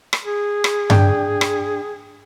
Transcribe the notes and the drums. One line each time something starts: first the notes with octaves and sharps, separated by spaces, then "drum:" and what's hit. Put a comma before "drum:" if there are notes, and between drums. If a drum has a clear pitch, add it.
drum: rim click
G#4
drum: rim click
D4 G5, drum: tom G2
drum: rim click